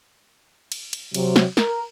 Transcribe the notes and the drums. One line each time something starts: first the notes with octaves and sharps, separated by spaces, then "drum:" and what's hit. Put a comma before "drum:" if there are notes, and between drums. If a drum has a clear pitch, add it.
drum: cymbal
drum: cymbal
C3 F#3, drum: cymbal
drum: snare
A#4, drum: snare